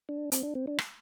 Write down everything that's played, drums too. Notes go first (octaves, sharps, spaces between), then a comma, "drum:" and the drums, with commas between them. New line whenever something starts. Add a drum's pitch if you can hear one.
D4
C4, drum: hi-hat
D4
C4
D4
drum: rim click